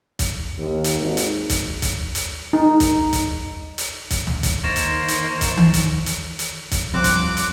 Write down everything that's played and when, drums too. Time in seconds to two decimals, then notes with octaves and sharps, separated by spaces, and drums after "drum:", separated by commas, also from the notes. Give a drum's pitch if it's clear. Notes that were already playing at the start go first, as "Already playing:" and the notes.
0.19 drum: kick, hi-hat
0.58 D#2
0.84 drum: hi-hat
1.01 G#1
1.17 drum: hi-hat
1.50 drum: kick, hi-hat
1.82 drum: kick, hi-hat
2.15 drum: hi-hat
2.53 D#4
2.80 drum: kick, hi-hat
3.13 drum: kick, hi-hat
3.78 drum: hi-hat
4.11 drum: kick, hi-hat
4.27 drum: tom
4.43 drum: kick, hi-hat
4.64 D#3 A#3 C5 C#6 A6 E7
4.76 drum: hi-hat
5.08 drum: hi-hat
5.41 drum: kick, hi-hat
5.57 drum: tom D#3
5.74 drum: kick, hi-hat
6.06 drum: hi-hat
6.39 drum: hi-hat
6.71 drum: kick, hi-hat
6.94 F3 G3 C4 D6 F#6
7.04 drum: kick, hi-hat
7.37 drum: hi-hat